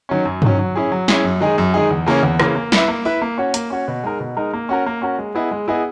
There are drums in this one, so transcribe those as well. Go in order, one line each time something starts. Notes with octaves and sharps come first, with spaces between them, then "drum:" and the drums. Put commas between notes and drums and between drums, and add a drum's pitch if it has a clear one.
D#3 F#3 C#4
F#2
D#3 F#3 C#4, drum: tom
F#3
C#4 E4 G#4
F#3
C#4 E4 G#4, drum: snare
F#2
D#3 G#3 D#4 G#4
F#2
D#3 G#3 D#4 G#4
E2
C#3 E3 A#3 C#4
E2
C#3 E3 A#3 C#4, drum: rim click
A#3
E4 B4 E5, drum: snare
A#3
E4 B4 E5
A#3
C#4 F#4 C#5
A#3, drum: hi-hat
C#4 F#4 C#5
B2
G#3 D#4 A#4
B2
G#3 D#4 A#4
A#3
C#4 F#4 A#4
A#3
C#4 F#4 A#4
G#3
B3 E4 G#4 D#5
G#3
B3 E4 G#4 D#5